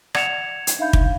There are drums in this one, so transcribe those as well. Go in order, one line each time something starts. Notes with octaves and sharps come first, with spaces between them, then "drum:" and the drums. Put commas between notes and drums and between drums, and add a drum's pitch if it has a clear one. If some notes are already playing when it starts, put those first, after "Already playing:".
D5 F#5 G#6 C#7 E7 F7, drum: rim click
drum: hi-hat
D4 D#4 E5 F5 B5 G6
drum: kick